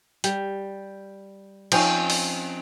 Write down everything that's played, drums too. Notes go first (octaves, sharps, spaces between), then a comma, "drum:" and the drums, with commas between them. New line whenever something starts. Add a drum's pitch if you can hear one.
G3, drum: hi-hat
F3 C4 C#4 D#4, drum: cymbal
drum: open hi-hat